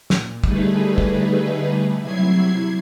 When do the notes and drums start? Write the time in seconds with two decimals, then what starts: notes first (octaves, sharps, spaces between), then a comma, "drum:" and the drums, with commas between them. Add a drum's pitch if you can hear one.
0.10 A#2, drum: snare
0.44 D3 G3 A3 D#4 G#4 B4, drum: kick
0.98 drum: kick
2.01 C3 F#3 E4 G#6 C7